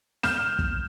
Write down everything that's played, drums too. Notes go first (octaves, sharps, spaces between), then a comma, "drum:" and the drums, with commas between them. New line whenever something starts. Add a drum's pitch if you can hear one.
F6 G6 E7, drum: snare
drum: kick